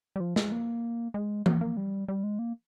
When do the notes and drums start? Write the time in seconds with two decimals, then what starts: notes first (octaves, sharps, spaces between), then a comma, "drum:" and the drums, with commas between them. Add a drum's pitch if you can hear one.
0.16 G3
0.20 F3
0.36 G#3, drum: snare
0.52 A#3
1.14 G#3
1.46 A#3, drum: tom E3
1.61 A#3
1.77 G3
2.08 G3
2.23 G#3
2.39 A#3